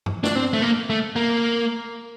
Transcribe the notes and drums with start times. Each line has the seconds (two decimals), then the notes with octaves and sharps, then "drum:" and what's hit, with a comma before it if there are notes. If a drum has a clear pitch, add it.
0.06 drum: tom G2
0.24 D4, drum: snare
0.35 C4
0.53 A3
0.62 A#3
0.90 A3
1.16 A#3